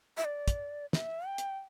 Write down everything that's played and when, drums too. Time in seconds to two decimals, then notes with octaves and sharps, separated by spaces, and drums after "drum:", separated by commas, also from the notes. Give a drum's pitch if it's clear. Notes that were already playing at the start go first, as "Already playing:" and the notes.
0.17 E5
0.25 D5
0.48 drum: kick, hi-hat
0.93 E5, drum: snare
1.27 G5
1.38 drum: hi-hat